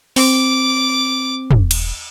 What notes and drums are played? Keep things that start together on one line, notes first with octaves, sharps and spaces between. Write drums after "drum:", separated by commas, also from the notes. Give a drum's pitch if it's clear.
C4 D6, drum: open hi-hat
E1, drum: tom
drum: cymbal